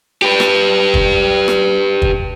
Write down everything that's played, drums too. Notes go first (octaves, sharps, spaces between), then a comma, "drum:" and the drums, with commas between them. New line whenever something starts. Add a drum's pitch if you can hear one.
G4 B4
drum: rim click
drum: kick
drum: rim click
drum: kick